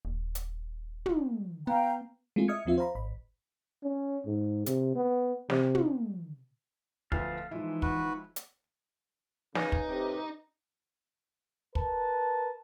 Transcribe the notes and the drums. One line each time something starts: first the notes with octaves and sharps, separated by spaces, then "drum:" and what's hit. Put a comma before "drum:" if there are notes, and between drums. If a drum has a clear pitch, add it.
D#1
drum: hi-hat
drum: tom
B3 F5 G5 A#5
G#3 A3 C4 E4 F4 G#4
D#5 E5 D#6 F6 G#6 C#7
D#2 F3 C4 F4 E5
C5 F5 A#5 B5
G#1 B5
C#4
G#2
C3, drum: hi-hat
B3
C3, drum: snare
drum: tom
D2 F3 A3 B3 F5 A5 F6, drum: kick
E3 F3 G#3 D#4 E4
F#4 B4, drum: kick
drum: hi-hat
C#3 D#4 B4 G#5, drum: snare
drum: kick
A2 C3 G4
A#4 B4 A5, drum: kick